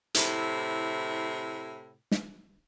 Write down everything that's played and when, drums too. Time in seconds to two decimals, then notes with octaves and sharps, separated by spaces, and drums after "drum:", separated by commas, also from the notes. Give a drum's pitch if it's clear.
0.15 A2 C3 E4, drum: hi-hat
2.11 drum: snare